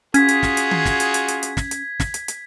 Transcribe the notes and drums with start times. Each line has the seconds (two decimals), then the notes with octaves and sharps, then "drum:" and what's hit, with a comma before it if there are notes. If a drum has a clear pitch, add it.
0.14 C#4 F4 F#4 G#4 G#6 B6, drum: hi-hat
0.28 drum: hi-hat
0.43 drum: snare
0.57 drum: hi-hat
0.71 drum: tom D#3
0.86 drum: snare
1.00 drum: hi-hat
1.14 drum: hi-hat
1.28 drum: hi-hat
1.43 drum: hi-hat
1.57 drum: snare
1.71 drum: hi-hat
2.00 drum: snare
2.14 drum: hi-hat
2.28 drum: hi-hat